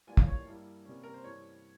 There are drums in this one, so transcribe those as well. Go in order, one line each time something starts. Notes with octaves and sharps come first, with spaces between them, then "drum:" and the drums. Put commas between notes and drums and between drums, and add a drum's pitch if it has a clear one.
E3 G3 A#3 F4 G#5
F5, drum: kick
C#5
G2 G3 A#3 E4
C3 G3 A#3 C#4
A#4
C5
G2 E3 G3 C#5